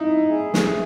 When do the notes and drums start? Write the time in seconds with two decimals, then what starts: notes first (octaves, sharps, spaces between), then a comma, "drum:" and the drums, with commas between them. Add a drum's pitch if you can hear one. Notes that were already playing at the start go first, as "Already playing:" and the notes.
Already playing: D#4 E4
0.29 G#4
0.54 drum: snare